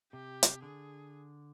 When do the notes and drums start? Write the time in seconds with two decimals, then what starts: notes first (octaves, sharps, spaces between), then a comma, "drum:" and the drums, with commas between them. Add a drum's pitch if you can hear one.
0.13 C3 G4
0.43 drum: hi-hat
0.62 D3 G#4